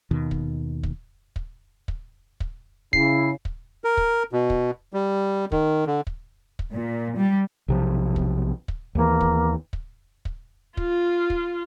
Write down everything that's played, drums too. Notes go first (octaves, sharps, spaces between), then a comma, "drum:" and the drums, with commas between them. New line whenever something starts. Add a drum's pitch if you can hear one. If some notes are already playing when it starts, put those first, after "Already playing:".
D#2 B2 D#3
drum: kick
drum: kick
drum: kick
drum: kick
drum: kick
C#3 E4 C7, drum: kick
drum: kick
A#4
drum: kick
B2
drum: kick
G3
D#3, drum: kick
D3
drum: kick
drum: kick
A#2
G3
B1 C3 F3
drum: kick
drum: kick
D#2 E3 A#3
drum: kick
drum: kick
drum: kick
F4, drum: kick
drum: kick